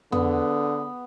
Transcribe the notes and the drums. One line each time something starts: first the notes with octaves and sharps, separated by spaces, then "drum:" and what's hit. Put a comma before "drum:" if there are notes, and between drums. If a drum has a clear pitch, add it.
D3 B3, drum: tom